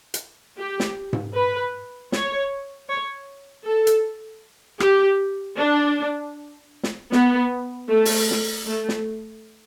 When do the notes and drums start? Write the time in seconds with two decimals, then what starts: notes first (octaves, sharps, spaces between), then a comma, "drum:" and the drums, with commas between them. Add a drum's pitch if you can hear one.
0.14 drum: hi-hat
0.58 G4
0.80 drum: snare
1.13 drum: tom G#2
1.35 B4
2.12 C#5, drum: snare
2.89 C#5
3.65 A4
3.87 drum: hi-hat
4.80 G4, drum: rim click
5.58 D4
6.83 drum: snare
7.12 B3, drum: snare
7.88 A3
8.05 drum: open hi-hat
8.31 drum: snare
8.65 A3
8.89 drum: snare